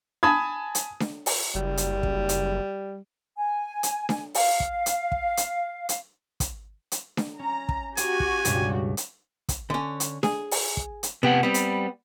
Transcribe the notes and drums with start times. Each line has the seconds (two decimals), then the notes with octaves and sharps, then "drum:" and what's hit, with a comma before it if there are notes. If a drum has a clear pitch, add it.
0.23 G#5 A5 B5 D#6 G#6
0.75 drum: hi-hat
1.00 drum: snare D4
1.26 drum: open hi-hat
1.55 F#1 G3
1.77 drum: hi-hat
2.03 drum: kick
2.29 drum: hi-hat
3.37 G#5
3.83 drum: hi-hat
4.09 drum: snare D4
4.34 F5, drum: open hi-hat
4.60 drum: kick
4.86 drum: hi-hat
5.12 drum: kick
5.37 drum: hi-hat
5.89 drum: hi-hat
6.40 drum: kick, hi-hat
6.92 drum: hi-hat
7.17 drum: snare D4
7.39 C#4 A#5
7.69 drum: kick
7.97 F#4 G4 G#5, drum: hi-hat
8.20 drum: kick
8.45 C#2 G2 B2, drum: hi-hat
8.97 drum: hi-hat
9.49 drum: kick, hi-hat
9.70 D3 C#4
10.00 drum: hi-hat
10.23 G#4, drum: snare D4
10.51 drum: open hi-hat
10.77 drum: kick
11.03 drum: hi-hat
11.23 C3 B3 G4 F#5
11.43 G3 B3 C4
11.54 drum: hi-hat